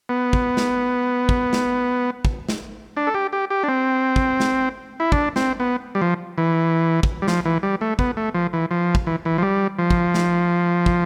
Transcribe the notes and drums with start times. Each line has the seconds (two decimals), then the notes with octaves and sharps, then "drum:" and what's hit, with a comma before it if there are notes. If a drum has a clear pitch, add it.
0.09 B3
0.33 drum: kick
0.57 drum: snare
1.29 drum: kick
1.53 drum: snare
2.25 drum: kick
2.49 drum: snare
2.97 D4
3.07 A4
3.14 G4
3.33 G4
3.50 G4
3.63 D4
3.68 C4
4.16 drum: kick
4.40 drum: snare
5.00 E4
5.12 D4, drum: kick
5.36 C4, drum: snare
5.60 B3
5.95 G3
6.01 F3
6.38 E3
7.03 drum: kick
7.22 G3
7.28 F3, drum: snare
7.45 E3
7.63 G3
7.81 A3
7.99 B3, drum: kick
8.17 A3
8.34 F3
8.53 E3
8.71 F3
8.95 drum: kick
9.07 E3
9.25 E3
9.38 F3
9.42 G3
9.79 F3
9.90 drum: kick
10.14 drum: snare
10.86 drum: kick